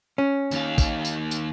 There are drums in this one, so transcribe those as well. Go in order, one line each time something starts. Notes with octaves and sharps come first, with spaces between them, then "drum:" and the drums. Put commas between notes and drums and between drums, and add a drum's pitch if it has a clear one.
C#4
D#2 F5, drum: tambourine
drum: kick A1, tambourine
drum: tambourine
drum: tambourine